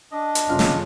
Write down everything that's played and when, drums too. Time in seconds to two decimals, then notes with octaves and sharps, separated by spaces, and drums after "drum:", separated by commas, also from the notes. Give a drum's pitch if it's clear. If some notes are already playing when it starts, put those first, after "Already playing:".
0.12 D4 D#5
0.35 drum: hi-hat
0.49 G1 C#3 C#4 F4 F5
0.59 drum: snare